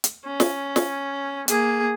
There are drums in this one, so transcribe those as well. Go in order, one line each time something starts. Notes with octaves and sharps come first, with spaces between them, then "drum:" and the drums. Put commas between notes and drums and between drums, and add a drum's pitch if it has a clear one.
drum: hi-hat
C#4
drum: snare
drum: snare
A#3 G#4, drum: hi-hat